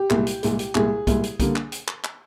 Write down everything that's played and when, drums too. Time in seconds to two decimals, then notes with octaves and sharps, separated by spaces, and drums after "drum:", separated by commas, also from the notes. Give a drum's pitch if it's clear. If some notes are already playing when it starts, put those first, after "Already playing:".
Already playing: G4
0.10 C2 A#2 G#3, drum: clap
0.27 drum: hi-hat
0.43 C2 A#2 G#3, drum: hi-hat
0.59 drum: hi-hat
0.75 C2 A#2 G#3 G#4, drum: clap
1.07 C2 A#2 G#3, drum: kick, hi-hat
1.24 drum: hi-hat
1.40 D3 G3 A#3, drum: kick, hi-hat
1.56 drum: clap
1.72 drum: hi-hat
1.88 drum: clap
2.04 drum: clap